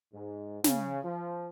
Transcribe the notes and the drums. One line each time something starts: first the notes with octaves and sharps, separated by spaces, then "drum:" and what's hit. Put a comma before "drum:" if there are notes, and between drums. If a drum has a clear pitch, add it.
G#2
C#3, drum: snare
F3